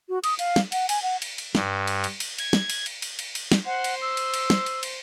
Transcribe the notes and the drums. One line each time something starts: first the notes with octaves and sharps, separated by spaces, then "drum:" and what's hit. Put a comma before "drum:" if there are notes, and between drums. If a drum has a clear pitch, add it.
F#4
D#6, drum: cymbal
F5, drum: cymbal
drum: snare
F#5, drum: cymbal
G#5, drum: cymbal
F#5
drum: cymbal
drum: cymbal
G2, drum: snare
drum: cymbal
drum: cymbal
drum: cymbal
G#6, drum: cymbal
drum: snare
drum: cymbal
drum: cymbal
drum: cymbal
drum: cymbal
drum: cymbal
drum: snare
C5 F#5 C6
drum: cymbal
E6
drum: cymbal
drum: cymbal
drum: snare
drum: cymbal
drum: cymbal